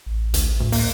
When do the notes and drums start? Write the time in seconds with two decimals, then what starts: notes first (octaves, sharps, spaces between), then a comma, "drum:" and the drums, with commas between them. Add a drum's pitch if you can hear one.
0.06 A1
0.34 D2, drum: hi-hat
0.60 D2 A2
0.72 A#3, drum: open hi-hat